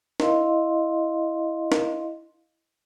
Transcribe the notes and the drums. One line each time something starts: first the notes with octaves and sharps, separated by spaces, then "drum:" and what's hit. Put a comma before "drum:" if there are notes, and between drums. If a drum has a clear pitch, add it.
E4 D#5 F5 C6, drum: snare
drum: snare